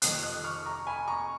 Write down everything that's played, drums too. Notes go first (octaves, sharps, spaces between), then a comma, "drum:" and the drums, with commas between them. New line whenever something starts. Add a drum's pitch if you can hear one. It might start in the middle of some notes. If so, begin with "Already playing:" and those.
F1 F2 D#3 D#6 F#6, drum: hi-hat
D#6 F#6
C#6 F6
A#5 C#6
G#5 B5
A#5 C#6